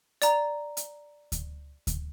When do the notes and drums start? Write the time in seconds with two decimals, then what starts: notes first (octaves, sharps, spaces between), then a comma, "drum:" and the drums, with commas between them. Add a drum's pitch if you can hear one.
0.22 D5 A#5, drum: hi-hat
0.77 drum: hi-hat
1.32 drum: kick D2, hi-hat
1.87 drum: kick D2, hi-hat